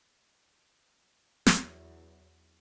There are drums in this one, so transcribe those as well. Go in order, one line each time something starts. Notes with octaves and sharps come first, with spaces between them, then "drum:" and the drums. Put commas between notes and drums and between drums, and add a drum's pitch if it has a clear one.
E2 F#3, drum: snare